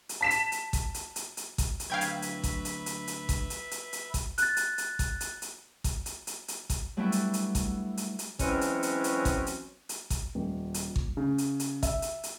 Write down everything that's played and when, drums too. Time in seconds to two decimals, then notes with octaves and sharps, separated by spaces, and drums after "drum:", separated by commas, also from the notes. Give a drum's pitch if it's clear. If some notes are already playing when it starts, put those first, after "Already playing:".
0.09 drum: hi-hat
0.21 A5 B6 E7
0.30 drum: hi-hat
0.52 drum: hi-hat
0.73 drum: kick G#1, hi-hat
0.94 drum: hi-hat
1.16 drum: hi-hat
1.37 drum: hi-hat
1.58 drum: kick G#1, hi-hat
1.80 drum: hi-hat
1.90 D2 F#3 B4 E5 F5 G5 G#6
2.01 drum: hi-hat
2.22 drum: hi-hat
2.44 drum: kick G#1, hi-hat
2.65 drum: hi-hat
2.86 drum: hi-hat
3.07 drum: hi-hat
3.29 drum: kick G#1, hi-hat
3.50 drum: hi-hat
3.71 drum: hi-hat
3.93 drum: hi-hat
4.14 drum: kick G#1, hi-hat
4.38 F#6 A6, drum: hi-hat
4.57 drum: hi-hat
4.78 drum: hi-hat
4.99 drum: kick G#1, hi-hat
5.20 drum: hi-hat
5.42 drum: hi-hat
5.84 drum: kick G#1, hi-hat
6.06 drum: hi-hat
6.27 drum: hi-hat
6.48 drum: hi-hat
6.70 drum: kick G#1, hi-hat
6.97 F#3 G3 A3 B3 D4 E4
7.12 drum: hi-hat
7.33 drum: hi-hat
7.55 drum: kick G#1, hi-hat
7.97 drum: hi-hat
8.19 drum: hi-hat
8.39 E3 F#3 G#3 C4 C#4 F#4, drum: kick G#1, hi-hat
8.61 drum: hi-hat
8.83 drum: hi-hat
9.04 drum: hi-hat
9.25 drum: kick G#1, hi-hat
9.46 drum: hi-hat
9.89 drum: hi-hat
10.10 drum: kick G#1, hi-hat
10.35 D#1
10.74 drum: hi-hat
10.96 drum: kick G#1
11.17 C#3
11.38 drum: hi-hat
11.60 drum: hi-hat
11.83 E5, drum: kick G#1, hi-hat
12.02 drum: hi-hat
12.23 drum: hi-hat